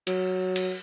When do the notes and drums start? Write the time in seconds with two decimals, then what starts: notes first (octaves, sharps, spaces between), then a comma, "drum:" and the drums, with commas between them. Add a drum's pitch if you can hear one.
0.07 F#3, drum: cymbal
0.56 drum: cymbal